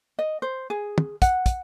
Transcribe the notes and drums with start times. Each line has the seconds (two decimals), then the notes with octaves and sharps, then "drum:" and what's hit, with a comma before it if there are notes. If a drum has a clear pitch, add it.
0.19 D#5
0.42 C5
0.70 G#4
0.98 drum: tom
1.22 F#5, drum: kick, hi-hat
1.46 drum: kick, hi-hat